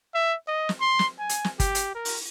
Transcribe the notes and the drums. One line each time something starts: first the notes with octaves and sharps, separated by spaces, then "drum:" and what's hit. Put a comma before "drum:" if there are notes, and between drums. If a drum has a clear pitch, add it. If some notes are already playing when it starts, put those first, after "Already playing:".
E5
D#5
drum: snare
C6
drum: snare
G#5
drum: hi-hat
drum: snare
G4, drum: kick G1, hi-hat
drum: hi-hat
A#4
drum: open hi-hat